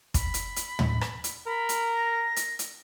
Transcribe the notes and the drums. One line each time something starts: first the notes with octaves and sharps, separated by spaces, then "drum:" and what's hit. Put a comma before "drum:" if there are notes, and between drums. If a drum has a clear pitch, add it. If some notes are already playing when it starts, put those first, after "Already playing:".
B5, drum: kick, hi-hat
drum: hi-hat
drum: hi-hat
drum: tom
drum: rim click
drum: hi-hat
A#4 B5
drum: hi-hat
A#6
drum: hi-hat
drum: hi-hat